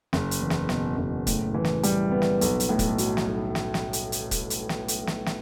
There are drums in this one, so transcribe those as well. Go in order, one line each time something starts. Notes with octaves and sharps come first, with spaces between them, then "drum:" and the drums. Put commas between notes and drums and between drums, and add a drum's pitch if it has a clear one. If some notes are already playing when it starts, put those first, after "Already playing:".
F#1, drum: snare
drum: hi-hat
E2
drum: snare
B2, drum: snare
F#1
A2, drum: kick, hi-hat
E3
drum: snare
G3, drum: hi-hat
B3
drum: snare
B1, drum: hi-hat
drum: hi-hat
A2
drum: kick, hi-hat
F#3, drum: hi-hat
drum: snare
B1
drum: snare
drum: snare
drum: hi-hat
drum: hi-hat
drum: kick, hi-hat
drum: hi-hat
drum: snare
drum: hi-hat
drum: snare
drum: snare